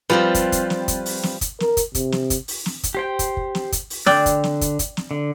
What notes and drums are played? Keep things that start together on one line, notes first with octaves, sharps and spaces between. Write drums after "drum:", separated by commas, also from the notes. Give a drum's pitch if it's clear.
F3 G3 C4 F4 B4
drum: kick, hi-hat
drum: kick, hi-hat
drum: snare
drum: kick, hi-hat
drum: open hi-hat
drum: snare
drum: kick, hi-hat
A#4, drum: snare
drum: kick, hi-hat
C3, drum: kick, hi-hat
drum: snare
drum: kick, hi-hat
drum: open hi-hat
drum: snare
drum: kick, hi-hat
G4 C5 G5
drum: kick, hi-hat
drum: kick
drum: snare
drum: kick, hi-hat
drum: open hi-hat
D3 D5 G5 E6 F#6, drum: snare
drum: kick, hi-hat
drum: snare
drum: kick, hi-hat
drum: kick, hi-hat
drum: snare
D3